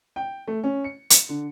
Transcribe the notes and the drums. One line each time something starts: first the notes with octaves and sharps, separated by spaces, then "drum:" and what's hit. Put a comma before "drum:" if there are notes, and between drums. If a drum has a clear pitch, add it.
G5
A3
C#4
C#7
C#7, drum: hi-hat
D3